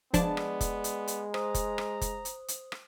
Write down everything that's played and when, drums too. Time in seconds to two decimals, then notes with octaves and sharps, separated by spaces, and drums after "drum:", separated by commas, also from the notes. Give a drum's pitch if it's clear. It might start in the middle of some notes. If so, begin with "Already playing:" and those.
0.14 F3 G#3 B3 D4 D5 A5, drum: kick F1, hi-hat
0.37 drum: rim click
0.61 drum: kick F1, hi-hat
0.84 drum: hi-hat
1.08 drum: hi-hat
1.34 C5 A#5 D#6, drum: rim click
1.54 drum: kick F1, hi-hat
1.78 drum: rim click
2.01 drum: kick F1, hi-hat
2.25 drum: hi-hat
2.48 drum: hi-hat
2.72 drum: rim click